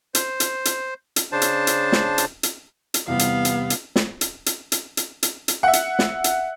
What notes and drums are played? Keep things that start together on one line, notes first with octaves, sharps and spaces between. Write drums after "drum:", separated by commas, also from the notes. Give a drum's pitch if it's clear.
C5, drum: hi-hat
drum: hi-hat
drum: hi-hat
drum: hi-hat
C#3 D4 C5 A5
drum: hi-hat
drum: hi-hat
drum: snare
drum: hi-hat
drum: hi-hat
drum: hi-hat
E2 C3 G3 B3 F5
drum: hi-hat
drum: hi-hat
drum: hi-hat
drum: snare
drum: hi-hat
drum: hi-hat
drum: hi-hat
drum: hi-hat
drum: hi-hat
drum: hi-hat
E5 F#5
drum: hi-hat
drum: snare
drum: hi-hat